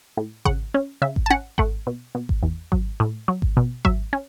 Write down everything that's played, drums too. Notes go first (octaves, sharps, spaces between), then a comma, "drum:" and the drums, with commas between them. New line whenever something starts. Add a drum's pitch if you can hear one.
A2
C#3 F#5, drum: kick G#1
C#4
C#3 E5
drum: kick G#1
A5
C#4 F#5
A3 F#5, drum: kick G#1
B2
B2
drum: kick G#1
E2
F#3, drum: kick G#1
A2
F#3
drum: kick G#1
B2
F#3 E5, drum: kick G#1
C#4